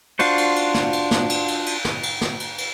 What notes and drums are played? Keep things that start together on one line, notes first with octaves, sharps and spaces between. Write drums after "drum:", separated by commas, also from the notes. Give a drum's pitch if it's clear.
D4 F4 F#4 C5, drum: cymbal
drum: cymbal
drum: cymbal
drum: snare
drum: cymbal
drum: snare
drum: cymbal
drum: cymbal
drum: cymbal
drum: snare
drum: cymbal
drum: snare
drum: cymbal
drum: cymbal